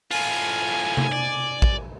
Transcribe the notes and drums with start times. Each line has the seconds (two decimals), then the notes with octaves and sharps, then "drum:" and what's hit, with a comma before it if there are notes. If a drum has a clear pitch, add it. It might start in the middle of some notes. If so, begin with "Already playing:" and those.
0.11 A2 F4 G#5, drum: open hi-hat
0.97 drum: tom C3
1.12 D5
1.62 drum: kick